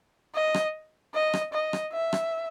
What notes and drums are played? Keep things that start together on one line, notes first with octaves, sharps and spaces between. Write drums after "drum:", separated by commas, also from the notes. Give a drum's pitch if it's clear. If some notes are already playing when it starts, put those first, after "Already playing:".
D#5
drum: rim click
D#5
drum: rim click
D#5
drum: rim click
E5
drum: rim click